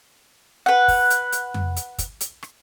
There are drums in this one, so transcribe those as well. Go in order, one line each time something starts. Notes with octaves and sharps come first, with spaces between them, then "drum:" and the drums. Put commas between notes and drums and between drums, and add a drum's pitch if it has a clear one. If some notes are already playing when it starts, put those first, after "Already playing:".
B4 F#5
drum: kick, open hi-hat
drum: hi-hat
drum: hi-hat
drum: tom F2
drum: hi-hat
drum: kick, hi-hat
drum: hi-hat
drum: rim click